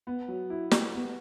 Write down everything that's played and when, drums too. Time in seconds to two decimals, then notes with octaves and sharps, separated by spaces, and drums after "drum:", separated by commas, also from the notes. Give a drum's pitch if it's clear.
0.07 B3
0.28 F#3
0.50 E4
0.71 G4, drum: snare
0.93 B3